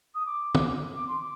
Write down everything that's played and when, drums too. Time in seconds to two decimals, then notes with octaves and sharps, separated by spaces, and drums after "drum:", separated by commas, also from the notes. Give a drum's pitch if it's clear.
0.14 D#6
0.25 D6
0.55 drum: tom
0.94 D6
1.07 C6
1.18 D6